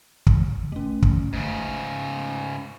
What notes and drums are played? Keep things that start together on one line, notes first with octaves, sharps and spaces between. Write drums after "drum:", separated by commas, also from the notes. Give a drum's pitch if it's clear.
drum: kick
A3 C#4
drum: kick
G#2 C#3